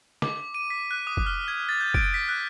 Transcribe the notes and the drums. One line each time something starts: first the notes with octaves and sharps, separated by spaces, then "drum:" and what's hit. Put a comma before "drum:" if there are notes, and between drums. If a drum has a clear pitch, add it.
D6, drum: snare
D#7
B6
F#6
D#6
drum: kick
F6
G#6
A6
G6
D7, drum: kick
B6
F#6